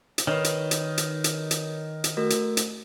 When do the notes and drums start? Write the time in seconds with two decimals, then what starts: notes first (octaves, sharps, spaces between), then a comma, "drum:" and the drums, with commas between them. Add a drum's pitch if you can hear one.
0.18 drum: hi-hat
0.27 D#3 B4 C#5
0.44 drum: hi-hat
0.71 drum: hi-hat
0.98 drum: hi-hat
1.24 drum: hi-hat
1.51 drum: hi-hat
2.04 drum: hi-hat
2.17 A3 F#4 A#4
2.30 drum: hi-hat
2.57 drum: hi-hat